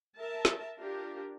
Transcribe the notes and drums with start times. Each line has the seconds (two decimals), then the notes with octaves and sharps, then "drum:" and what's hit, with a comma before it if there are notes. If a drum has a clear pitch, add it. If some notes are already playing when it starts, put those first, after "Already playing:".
0.17 A#4 E5 A5
0.45 drum: snare
0.79 D4 F4 G4 A#4